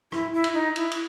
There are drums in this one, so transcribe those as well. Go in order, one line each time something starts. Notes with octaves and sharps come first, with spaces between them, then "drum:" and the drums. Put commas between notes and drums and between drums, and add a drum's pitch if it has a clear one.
E4, drum: rim click
E4
drum: cymbal
D#4
E4, drum: cymbal
drum: cymbal